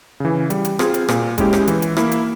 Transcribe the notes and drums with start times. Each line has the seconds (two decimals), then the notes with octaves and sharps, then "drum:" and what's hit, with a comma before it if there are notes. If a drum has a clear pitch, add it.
0.20 C#3 E3
0.50 G3, drum: hi-hat
0.65 drum: hi-hat
0.79 C4 F4 G#4, drum: rim click
0.94 drum: hi-hat
1.09 A#2, drum: rim click
1.38 G#3 C#4 E4 G4, drum: kick, hi-hat
1.53 drum: rim click
1.67 E3, drum: hi-hat
1.82 drum: hi-hat
1.97 A#3 E4, drum: rim click
2.12 drum: hi-hat